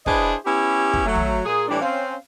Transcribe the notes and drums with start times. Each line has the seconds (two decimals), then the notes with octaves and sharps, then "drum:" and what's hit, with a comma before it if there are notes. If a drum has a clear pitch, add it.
0.06 D4 E4 G#4 B4 C5 D#5, drum: kick
0.46 B3 C#4 E4 G4
0.93 drum: kick
1.06 F#3 A3
1.15 drum: tom
1.46 A#2 G#4
1.69 A2 E3 G3 D4
1.82 C4 C#4 F5